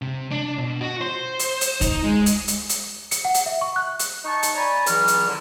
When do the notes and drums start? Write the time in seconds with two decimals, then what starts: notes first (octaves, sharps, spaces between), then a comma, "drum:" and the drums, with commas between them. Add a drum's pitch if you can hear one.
0.02 C3
0.31 D4
0.58 B2
0.80 F#4
1.01 C5
1.39 drum: hi-hat
1.61 drum: hi-hat
1.81 D#4, drum: kick C#2, hi-hat
2.04 G#3
2.26 drum: hi-hat
2.48 drum: hi-hat
2.69 drum: hi-hat
3.11 C#7, drum: hi-hat
3.25 F#5
3.34 drum: hi-hat
3.46 E5
3.61 C#6
3.76 F#6
3.99 drum: hi-hat
4.25 D#4 A5 C#6
4.43 drum: hi-hat
4.55 C#5 D5 G#5 A#5 B5
4.86 C#2 E3 F#3 E4 F6, drum: hi-hat
5.08 drum: hi-hat
5.27 D3